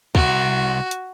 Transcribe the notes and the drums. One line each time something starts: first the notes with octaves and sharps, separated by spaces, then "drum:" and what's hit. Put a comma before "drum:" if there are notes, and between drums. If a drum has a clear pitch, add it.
C2 F#4, drum: kick
drum: hi-hat